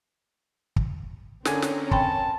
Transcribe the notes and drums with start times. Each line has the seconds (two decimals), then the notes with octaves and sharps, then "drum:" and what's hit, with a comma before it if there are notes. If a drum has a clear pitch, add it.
0.76 drum: kick
1.45 D3 C4 C#4 A#4 G#5, drum: snare
1.62 drum: snare
1.91 G5 A5 B5 C6, drum: kick